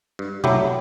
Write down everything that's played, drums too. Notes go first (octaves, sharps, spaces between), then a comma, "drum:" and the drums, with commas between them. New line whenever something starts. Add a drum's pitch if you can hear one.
G2
F#3 A3 E4 G4, drum: tom B2